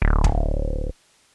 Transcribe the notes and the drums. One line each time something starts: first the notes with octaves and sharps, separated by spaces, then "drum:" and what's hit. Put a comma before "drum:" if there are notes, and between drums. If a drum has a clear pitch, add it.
D1
drum: kick